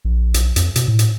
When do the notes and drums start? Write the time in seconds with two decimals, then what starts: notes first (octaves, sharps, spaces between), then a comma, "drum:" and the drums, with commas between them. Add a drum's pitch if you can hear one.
0.05 A#1
0.34 B1, drum: hi-hat
0.56 F2, drum: hi-hat
0.76 B2, drum: hi-hat
0.88 A2
0.99 drum: hi-hat